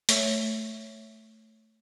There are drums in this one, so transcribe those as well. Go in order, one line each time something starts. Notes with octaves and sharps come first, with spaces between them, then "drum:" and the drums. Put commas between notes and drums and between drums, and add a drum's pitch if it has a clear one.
A3 C#5 E5, drum: hi-hat